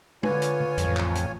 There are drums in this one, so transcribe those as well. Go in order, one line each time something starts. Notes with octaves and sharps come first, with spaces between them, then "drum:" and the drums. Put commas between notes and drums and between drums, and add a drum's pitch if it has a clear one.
D3 F4 B4 C#5 G#5, drum: tom
drum: hi-hat
drum: tom C#3
A1 F2, drum: hi-hat
drum: clap
drum: hi-hat